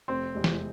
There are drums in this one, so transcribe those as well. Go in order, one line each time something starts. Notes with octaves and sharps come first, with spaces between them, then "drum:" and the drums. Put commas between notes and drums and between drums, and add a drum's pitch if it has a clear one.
F1 C4
E2 C3 G#3
drum: snare